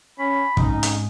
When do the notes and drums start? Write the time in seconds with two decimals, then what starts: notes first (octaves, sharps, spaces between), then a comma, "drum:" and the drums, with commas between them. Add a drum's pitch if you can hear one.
0.19 C#4 B5
0.57 G#2 C3 F3 C#4 D#4, drum: kick
0.83 drum: hi-hat